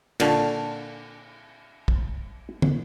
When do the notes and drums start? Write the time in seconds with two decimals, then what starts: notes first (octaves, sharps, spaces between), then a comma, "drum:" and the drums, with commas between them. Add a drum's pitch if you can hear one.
0.20 A#2 D3 F5 A5 C#6, drum: cymbal
1.88 drum: kick
2.62 drum: tom